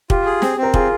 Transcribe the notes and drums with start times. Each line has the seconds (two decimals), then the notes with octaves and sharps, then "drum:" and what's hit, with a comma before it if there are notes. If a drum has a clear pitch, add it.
0.10 F4 G4, drum: kick
0.26 G#4
0.42 C4, drum: snare
0.58 C4
0.63 A#4
0.74 F4 G#4, drum: kick